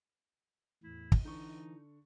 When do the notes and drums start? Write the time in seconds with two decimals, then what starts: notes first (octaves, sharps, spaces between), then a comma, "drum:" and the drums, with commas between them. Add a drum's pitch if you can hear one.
0.83 E2 A2 E4
1.12 drum: kick
1.25 D3 E3 D#4 C#6